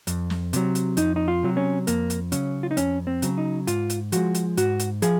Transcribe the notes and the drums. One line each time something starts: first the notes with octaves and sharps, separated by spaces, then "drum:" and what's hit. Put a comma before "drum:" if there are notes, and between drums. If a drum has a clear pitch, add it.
F2, drum: hi-hat
drum: snare
C3 F#3, drum: hi-hat
drum: hi-hat
F2 D#4, drum: hi-hat
D#4
F4
C3 F#3
C#4
F2 A#3, drum: hi-hat
drum: hi-hat
C#3 F#3 C#4, drum: hi-hat
F4
D#4
F2 C#4, drum: hi-hat
C4
C#3 F#3, drum: hi-hat
D#4
G#2 F4, drum: hi-hat
drum: hi-hat
F3 G#3 F#4, drum: hi-hat
drum: hi-hat
G#2 F#4, drum: hi-hat
drum: hi-hat
F3 G#4, drum: hi-hat